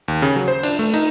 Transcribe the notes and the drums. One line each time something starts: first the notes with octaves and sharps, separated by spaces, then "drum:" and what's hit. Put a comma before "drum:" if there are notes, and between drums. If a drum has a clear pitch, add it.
D#2
C#3
F#3
C5
D4, drum: cymbal
A3
D#4, drum: cymbal